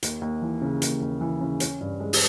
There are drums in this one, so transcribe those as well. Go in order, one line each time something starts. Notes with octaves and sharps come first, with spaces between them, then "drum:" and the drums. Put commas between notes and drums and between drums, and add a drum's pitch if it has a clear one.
D#2, drum: hi-hat
D#2
E3
C#3
D#2, drum: hi-hat
D#2
E3
C#3
C#4, drum: hi-hat
G2
G#3
drum: open hi-hat